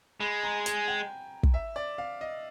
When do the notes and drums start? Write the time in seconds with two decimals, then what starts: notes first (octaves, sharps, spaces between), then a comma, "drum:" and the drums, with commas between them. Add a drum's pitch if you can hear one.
0.20 G#3 B5
0.43 A#5
0.66 G#5, drum: hi-hat
0.88 G5
1.43 drum: kick
1.54 E5
1.76 D5
1.98 F5
2.21 D#5